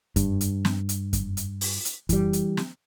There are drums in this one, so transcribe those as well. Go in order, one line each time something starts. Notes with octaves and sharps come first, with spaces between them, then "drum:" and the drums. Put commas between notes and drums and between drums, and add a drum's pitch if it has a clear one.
G2, drum: kick F#2, hi-hat
drum: hi-hat
drum: snare
drum: hi-hat
drum: kick F#2, hi-hat
drum: hi-hat
drum: open hi-hat
drum: hi-hat
E3 G3, drum: kick F#2, hi-hat
drum: hi-hat
drum: snare